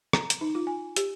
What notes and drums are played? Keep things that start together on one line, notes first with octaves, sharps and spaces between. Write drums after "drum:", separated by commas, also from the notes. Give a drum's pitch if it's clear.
A#5, drum: rim click
drum: hi-hat
D#4
F4
G#5
G4, drum: hi-hat